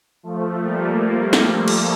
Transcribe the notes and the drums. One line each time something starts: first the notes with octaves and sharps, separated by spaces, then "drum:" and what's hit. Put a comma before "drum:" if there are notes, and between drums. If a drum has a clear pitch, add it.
F3 A3
G3 A#3
drum: snare
drum: cymbal